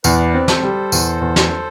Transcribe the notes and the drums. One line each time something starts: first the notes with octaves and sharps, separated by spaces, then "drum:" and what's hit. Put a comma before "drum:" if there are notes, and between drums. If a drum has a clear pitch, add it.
E2 B4 D5, drum: tambourine
C4
A4 C5, drum: snare
G3
E2, drum: tambourine
E2
drum: snare